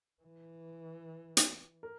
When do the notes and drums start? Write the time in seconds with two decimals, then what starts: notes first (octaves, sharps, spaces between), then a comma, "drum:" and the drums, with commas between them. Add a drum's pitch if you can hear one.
0.23 E3
1.37 drum: hi-hat
1.83 A#4